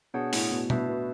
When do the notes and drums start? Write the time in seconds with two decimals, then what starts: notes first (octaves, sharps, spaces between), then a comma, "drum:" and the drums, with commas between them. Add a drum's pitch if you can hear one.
0.14 B2 D4 G#4 C#5 F#5 A5
0.33 A2, drum: open hi-hat
0.51 B2
0.70 B2 D4 F#4 B4 E5 A5, drum: tom B2
0.89 B2